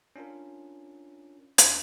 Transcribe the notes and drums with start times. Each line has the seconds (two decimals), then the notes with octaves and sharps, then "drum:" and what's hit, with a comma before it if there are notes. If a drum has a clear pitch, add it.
0.16 C#4 D4 F4 A#4
1.58 D#2 D4 B6, drum: hi-hat